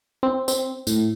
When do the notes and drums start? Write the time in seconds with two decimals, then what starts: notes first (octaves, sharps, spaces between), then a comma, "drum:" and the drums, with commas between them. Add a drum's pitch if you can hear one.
0.23 C4
0.48 C4, drum: tambourine
0.87 A2, drum: tambourine